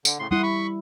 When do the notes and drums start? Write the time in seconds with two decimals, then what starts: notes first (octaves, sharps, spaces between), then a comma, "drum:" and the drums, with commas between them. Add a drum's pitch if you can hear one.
0.05 D3, drum: tambourine
0.19 A2 C#3 C6
0.31 G3 E4 F#5 C6 D#6
0.43 B5 C#6